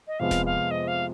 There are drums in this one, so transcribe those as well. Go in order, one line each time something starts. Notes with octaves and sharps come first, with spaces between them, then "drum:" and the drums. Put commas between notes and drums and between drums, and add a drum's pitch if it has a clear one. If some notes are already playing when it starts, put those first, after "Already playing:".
D#5
F2 C3 F3 G#3 B3 F5
drum: snare D#1
F5
D#5
F5